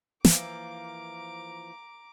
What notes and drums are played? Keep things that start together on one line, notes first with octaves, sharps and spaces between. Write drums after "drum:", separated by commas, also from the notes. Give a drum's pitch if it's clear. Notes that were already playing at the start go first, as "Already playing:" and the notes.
E3 F3 A#3 A#5 D6, drum: snare